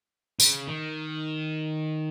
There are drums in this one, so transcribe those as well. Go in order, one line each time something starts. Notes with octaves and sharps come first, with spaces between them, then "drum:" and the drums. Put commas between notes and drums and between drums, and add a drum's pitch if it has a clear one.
C#3, drum: tambourine
D#3